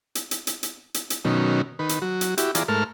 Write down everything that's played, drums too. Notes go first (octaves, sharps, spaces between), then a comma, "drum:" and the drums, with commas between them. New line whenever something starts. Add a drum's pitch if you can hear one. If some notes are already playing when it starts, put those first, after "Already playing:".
drum: hi-hat
drum: hi-hat
drum: hi-hat
drum: hi-hat
drum: hi-hat
drum: hi-hat
B2 D#3 F#3 C#4
D#3 B4
drum: hi-hat
F#3 F#4
drum: hi-hat
E4 F#4 G4, drum: hi-hat
E3 F4 G#4 D5 A#5, drum: hi-hat
G#2 A3 A#4 A5 F6